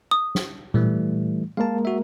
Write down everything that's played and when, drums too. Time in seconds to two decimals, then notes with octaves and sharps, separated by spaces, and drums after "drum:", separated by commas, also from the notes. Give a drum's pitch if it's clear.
0.11 D#6
0.35 drum: snare
0.74 E3 G3 A3, drum: tom A#2
1.57 G#3 A#3 A#4 F5 A5
1.85 F#4 E5